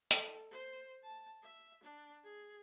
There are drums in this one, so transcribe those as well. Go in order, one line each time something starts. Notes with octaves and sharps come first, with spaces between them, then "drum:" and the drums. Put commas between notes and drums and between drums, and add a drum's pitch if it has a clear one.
A4, drum: hi-hat
C5
A5
E5
D4
G#4